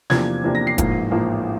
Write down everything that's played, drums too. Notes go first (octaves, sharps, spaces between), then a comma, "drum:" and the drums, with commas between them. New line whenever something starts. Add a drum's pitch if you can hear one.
E2 C3 F3 A#3 D4 G#6, drum: snare
E2 C3 F3 A#3 D4
A#6
C7
A1 G#2 F3 A#3, drum: kick E1, hi-hat
A1 G#2 F3 A#3